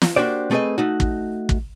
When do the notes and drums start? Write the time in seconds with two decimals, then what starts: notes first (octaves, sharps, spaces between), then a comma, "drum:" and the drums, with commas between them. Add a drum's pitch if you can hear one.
0.02 drum: snare
0.16 A#3 D4 F#4 G4 C5 D5
0.51 A3 C4 G#4 A#4 B4 D#5
0.78 A3 D#4 F#4
1.00 drum: kick
1.49 drum: kick